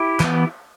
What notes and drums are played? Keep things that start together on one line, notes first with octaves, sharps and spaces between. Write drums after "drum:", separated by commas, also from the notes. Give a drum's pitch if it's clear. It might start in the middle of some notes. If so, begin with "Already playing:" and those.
Already playing: E4 G4
E3 B3, drum: clap